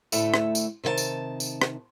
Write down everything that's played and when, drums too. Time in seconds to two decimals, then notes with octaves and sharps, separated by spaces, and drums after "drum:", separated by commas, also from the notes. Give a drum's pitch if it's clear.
0.12 D2 A2 A3 E5, drum: tambourine
0.34 drum: rim click
0.55 drum: tambourine
0.84 C3 D#3 C5 A5
0.98 drum: tambourine
1.40 drum: tambourine
1.62 drum: rim click